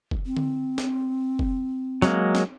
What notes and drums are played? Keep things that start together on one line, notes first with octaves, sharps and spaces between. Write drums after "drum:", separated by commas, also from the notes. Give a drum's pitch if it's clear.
drum: kick
C4
drum: tom D3
drum: snare
drum: kick
F#3 G#3 A#3, drum: snare
drum: snare